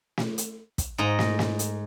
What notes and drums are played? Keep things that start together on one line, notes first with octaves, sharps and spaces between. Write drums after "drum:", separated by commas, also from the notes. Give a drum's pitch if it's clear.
drum: snare
drum: hi-hat
drum: kick, hi-hat
G#2 D#5 A#5
drum: snare
drum: snare
drum: hi-hat